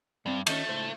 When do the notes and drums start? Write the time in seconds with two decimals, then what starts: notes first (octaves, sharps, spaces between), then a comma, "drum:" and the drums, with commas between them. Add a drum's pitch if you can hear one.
0.26 G2 G3 C4
0.47 D#3 A3 C#4, drum: cymbal
0.69 C#2 A2 C5